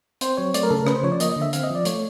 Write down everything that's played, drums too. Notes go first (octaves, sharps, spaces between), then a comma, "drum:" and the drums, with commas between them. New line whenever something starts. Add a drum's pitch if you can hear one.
C4 C5, drum: hi-hat
F#3 C#5
A3 D5, drum: hi-hat
A#4
C#3 A4
A#4
C#4 B4, drum: rim click
C5
F3 C#5
D5
A#3 D#5, drum: hi-hat
D3 D#5
E5
C4 F5, drum: hi-hat
D#5
F3 D5
A3 C#5, drum: hi-hat